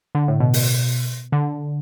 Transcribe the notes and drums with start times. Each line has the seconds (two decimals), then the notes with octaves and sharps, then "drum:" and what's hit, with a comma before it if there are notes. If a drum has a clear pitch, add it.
0.15 D3
0.28 A2
0.40 B2
0.54 drum: open hi-hat
1.32 D3